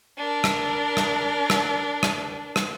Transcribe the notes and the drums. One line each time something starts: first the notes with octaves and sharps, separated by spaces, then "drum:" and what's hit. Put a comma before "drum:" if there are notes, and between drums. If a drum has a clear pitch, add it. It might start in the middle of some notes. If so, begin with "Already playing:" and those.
D4 A#4
drum: rim click
drum: rim click
drum: rim click
drum: rim click
drum: rim click